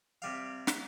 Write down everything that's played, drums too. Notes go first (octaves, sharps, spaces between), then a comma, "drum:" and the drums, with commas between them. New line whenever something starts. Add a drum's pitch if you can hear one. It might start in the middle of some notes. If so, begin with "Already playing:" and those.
C3 G3 F5
drum: snare